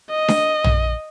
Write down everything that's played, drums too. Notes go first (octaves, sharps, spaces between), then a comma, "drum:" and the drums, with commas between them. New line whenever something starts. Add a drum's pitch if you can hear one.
D#5
drum: snare D4
drum: tom A#1